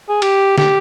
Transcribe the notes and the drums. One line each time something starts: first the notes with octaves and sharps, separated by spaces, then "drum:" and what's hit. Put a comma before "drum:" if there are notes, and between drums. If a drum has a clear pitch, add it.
G#4
G4, drum: cymbal
G4, drum: snare